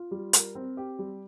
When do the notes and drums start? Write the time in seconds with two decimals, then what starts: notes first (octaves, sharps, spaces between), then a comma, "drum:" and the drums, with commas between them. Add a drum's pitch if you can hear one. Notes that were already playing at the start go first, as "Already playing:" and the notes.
Already playing: F4
0.11 G3
0.33 A#4, drum: hi-hat
0.55 C4
0.77 G4
0.99 G3